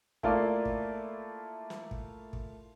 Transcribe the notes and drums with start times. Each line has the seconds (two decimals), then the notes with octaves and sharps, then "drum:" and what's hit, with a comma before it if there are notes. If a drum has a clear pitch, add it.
0.23 A3 A#3 E4 F4 D5 F5, drum: kick
0.65 drum: kick
1.70 drum: snare
1.91 drum: kick
2.33 drum: kick